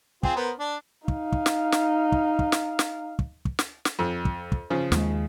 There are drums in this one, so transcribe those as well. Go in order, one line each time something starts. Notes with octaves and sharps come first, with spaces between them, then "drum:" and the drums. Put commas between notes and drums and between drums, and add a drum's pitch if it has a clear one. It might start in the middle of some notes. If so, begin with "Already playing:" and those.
C4 F4 G#4, drum: kick
B3 A#4 C5
D4
D#4 F5, drum: kick
drum: kick
drum: snare
drum: snare
drum: kick
drum: kick
drum: snare
drum: snare
drum: kick
drum: kick
drum: snare
drum: snare
F2
drum: kick
drum: kick
C#3 F3
D#2 G#3, drum: snare